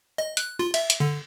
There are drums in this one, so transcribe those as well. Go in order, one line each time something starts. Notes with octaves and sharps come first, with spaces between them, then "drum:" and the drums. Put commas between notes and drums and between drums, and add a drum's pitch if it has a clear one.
D#5
F#6, drum: hi-hat
F4
E5, drum: cymbal
drum: hi-hat
D3